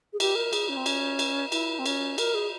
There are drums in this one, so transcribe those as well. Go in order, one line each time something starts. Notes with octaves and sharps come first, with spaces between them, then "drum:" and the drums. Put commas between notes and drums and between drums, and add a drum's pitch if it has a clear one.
G#4
G4, drum: cymbal
A#4
G#4, drum: cymbal
C#4
C4
C#4, drum: cymbal
drum: cymbal
E4, drum: cymbal
C4
C#4, drum: cymbal
A#4, drum: cymbal
G#4